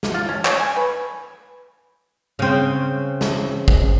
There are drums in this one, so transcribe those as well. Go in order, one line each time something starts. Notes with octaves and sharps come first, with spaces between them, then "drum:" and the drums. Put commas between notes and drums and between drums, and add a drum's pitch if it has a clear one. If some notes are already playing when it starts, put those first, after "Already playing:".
drum: snare
F4
C#4
C#5, drum: clap
G#5
B4
C#3 C4
drum: snare
drum: kick